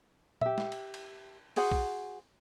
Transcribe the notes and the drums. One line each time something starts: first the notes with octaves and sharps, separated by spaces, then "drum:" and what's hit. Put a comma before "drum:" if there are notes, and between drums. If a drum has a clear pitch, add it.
G4 E5, drum: tom A#2
drum: snare
drum: cymbal
drum: cymbal
F#4 G#4 C5 F#5, drum: open hi-hat
drum: kick A#1